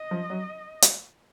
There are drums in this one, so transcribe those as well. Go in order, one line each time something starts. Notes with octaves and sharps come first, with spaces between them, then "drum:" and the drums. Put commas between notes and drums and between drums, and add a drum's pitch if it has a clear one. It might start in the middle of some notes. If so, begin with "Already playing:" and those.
Already playing: D#5
F3
F#3
drum: hi-hat